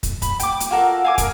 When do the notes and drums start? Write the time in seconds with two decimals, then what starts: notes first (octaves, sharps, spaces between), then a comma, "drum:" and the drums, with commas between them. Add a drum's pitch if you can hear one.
0.03 drum: kick, hi-hat
0.22 B5, drum: kick, hi-hat
0.40 G5 D6, drum: hi-hat
0.60 drum: hi-hat
0.71 F4 F#4 A4 A#4
1.05 F5 G#5 D6
1.18 A#4, drum: kick, hi-hat